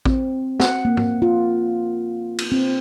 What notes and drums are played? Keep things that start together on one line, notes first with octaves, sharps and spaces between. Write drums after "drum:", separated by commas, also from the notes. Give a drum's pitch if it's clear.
C4, drum: kick
F#5, drum: snare
A#3
drum: tom
F4
drum: cymbal
C4